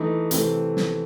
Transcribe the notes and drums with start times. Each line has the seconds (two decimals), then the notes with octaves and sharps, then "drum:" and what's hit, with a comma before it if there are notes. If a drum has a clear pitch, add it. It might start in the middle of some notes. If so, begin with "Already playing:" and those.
Already playing: E3 A3 D#4
0.31 C3 E3 A3 C4, drum: hi-hat
0.77 drum: snare